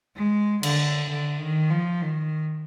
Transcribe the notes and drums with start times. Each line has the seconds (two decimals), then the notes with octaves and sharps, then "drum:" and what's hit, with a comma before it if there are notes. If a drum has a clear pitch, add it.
0.16 G#3
0.63 D3, drum: cymbal
1.09 D3
1.39 D#3
1.70 F3
2.01 D#3